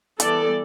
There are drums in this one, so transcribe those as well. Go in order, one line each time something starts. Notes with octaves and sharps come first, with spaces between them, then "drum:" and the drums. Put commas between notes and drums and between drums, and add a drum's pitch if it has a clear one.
E3 G3 B3 A4 D5, drum: hi-hat